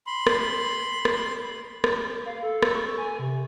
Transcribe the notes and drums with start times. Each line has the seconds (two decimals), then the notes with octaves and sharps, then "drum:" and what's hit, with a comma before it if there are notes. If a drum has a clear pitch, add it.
0.07 B5 C6
0.27 drum: rim click
1.05 drum: rim click
1.84 drum: rim click
2.26 F5
2.43 A4
2.63 drum: rim click
2.75 C#6
2.98 G#5
3.19 C3